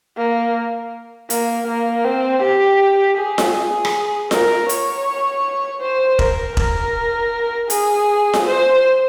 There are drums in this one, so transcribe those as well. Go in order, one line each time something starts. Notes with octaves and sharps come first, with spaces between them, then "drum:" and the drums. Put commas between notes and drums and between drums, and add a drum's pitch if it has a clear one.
A#3
A#3, drum: hi-hat
A#3
C4
G4
G#4
drum: snare F4
drum: rim click
A#4, drum: snare F4
C#5, drum: hi-hat
C5
A#4, drum: kick E1
A#4, drum: kick E1
G#4, drum: hi-hat
drum: snare F4
C5